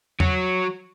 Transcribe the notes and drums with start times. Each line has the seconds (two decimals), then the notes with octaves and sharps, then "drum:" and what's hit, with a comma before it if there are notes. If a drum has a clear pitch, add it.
0.20 F#3 F#4, drum: tom E2